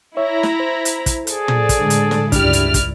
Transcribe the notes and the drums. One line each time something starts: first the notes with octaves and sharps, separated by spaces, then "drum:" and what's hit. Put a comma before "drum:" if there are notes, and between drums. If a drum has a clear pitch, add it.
E4 C#5 E5 A#5
drum: snare
C5
drum: hi-hat
drum: kick, hi-hat
G#4 A4 D5, drum: hi-hat
drum: tom
drum: kick, hi-hat
A2 D3 G#3
drum: hi-hat
drum: snare
C#2 G2 D4 E4 G4 D5 F6, drum: kick, hi-hat
drum: hi-hat
drum: kick, hi-hat